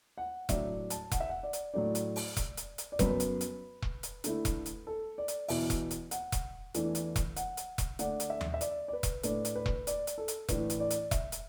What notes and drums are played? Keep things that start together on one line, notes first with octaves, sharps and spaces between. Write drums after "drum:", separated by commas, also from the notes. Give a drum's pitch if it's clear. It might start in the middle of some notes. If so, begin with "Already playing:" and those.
F#5
A2 F#3 D4 E5, drum: kick E1, hi-hat
A5, drum: hi-hat
F#5, drum: kick E1, hi-hat
E5
F#5
D5
drum: hi-hat
A2 F#3 A3 D4 D5
drum: hi-hat
drum: open hi-hat
drum: kick E1, hi-hat
drum: hi-hat
drum: hi-hat
D5
F#2 F#3 B3 B4, drum: kick E1, hi-hat
drum: hi-hat
drum: hi-hat
drum: kick E1
drum: hi-hat
D3 A3 E4, drum: hi-hat
drum: kick E1, hi-hat
drum: hi-hat
A4
D5
drum: hi-hat
E2 B2 B3 E5, drum: open hi-hat
drum: kick E1, hi-hat
drum: hi-hat
F#5, drum: hi-hat
drum: kick E1, hi-hat
E2 E3 A3 D4, drum: hi-hat
drum: hi-hat
drum: kick E1, hi-hat
F#5, drum: hi-hat
drum: hi-hat
drum: kick E1, hi-hat
D3 A3 D4 F#5, drum: hi-hat
drum: hi-hat
E5
drum: tom D#2
E5
D5, drum: hi-hat
D5
B4
drum: kick E1, hi-hat
A2 A3 D4 B4, drum: hi-hat
drum: hi-hat
B4
drum: kick E1
D5, drum: hi-hat
drum: hi-hat
A4
drum: hi-hat
A2 E3 D4 B4, drum: kick E1, hi-hat
drum: hi-hat
D5
drum: hi-hat
E5, drum: kick E1, hi-hat
drum: hi-hat